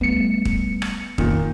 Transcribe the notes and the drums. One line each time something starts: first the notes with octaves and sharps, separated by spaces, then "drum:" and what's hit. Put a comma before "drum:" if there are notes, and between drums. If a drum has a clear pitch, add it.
G3 A3 B3 C#7
drum: kick
drum: rim click
F2 A#2 D#3, drum: kick